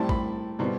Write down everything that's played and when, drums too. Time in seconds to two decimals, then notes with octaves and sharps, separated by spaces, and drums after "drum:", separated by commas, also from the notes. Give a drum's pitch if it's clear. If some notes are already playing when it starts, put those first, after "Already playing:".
Already playing: A2 G3 C4 E4 A5
0.09 B5, drum: kick
0.59 B2 G3 C4 E4